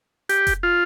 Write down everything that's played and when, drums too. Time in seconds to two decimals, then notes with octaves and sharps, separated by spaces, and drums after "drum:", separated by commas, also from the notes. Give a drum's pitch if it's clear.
0.29 G4, drum: hi-hat
0.47 drum: kick F1, hi-hat
0.63 F4